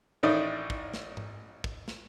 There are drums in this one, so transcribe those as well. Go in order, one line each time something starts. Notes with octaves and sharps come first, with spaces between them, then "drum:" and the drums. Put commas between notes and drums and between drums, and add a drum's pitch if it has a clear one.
A1 A2 D#3 D#4 D5 D#6
drum: kick
drum: snare
drum: tom G#2
drum: kick
drum: snare